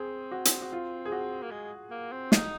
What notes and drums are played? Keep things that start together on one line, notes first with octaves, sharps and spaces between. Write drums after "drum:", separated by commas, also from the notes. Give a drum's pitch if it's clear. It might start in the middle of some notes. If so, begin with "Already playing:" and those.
Already playing: C4 G#4
F#4
drum: hi-hat
F#4
F4
G#4
F#4
A#3
G#3
A#3
C4
D#4, drum: snare